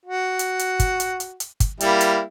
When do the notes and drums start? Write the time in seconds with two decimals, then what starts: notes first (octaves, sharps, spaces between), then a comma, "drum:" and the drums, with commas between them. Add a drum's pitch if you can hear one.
0.05 F#4
0.39 drum: hi-hat
0.59 drum: hi-hat
0.80 drum: kick, hi-hat
1.00 drum: hi-hat
1.20 drum: hi-hat
1.40 drum: hi-hat
1.60 drum: kick, hi-hat
1.80 G3 A#3 E4, drum: hi-hat
2.01 drum: hi-hat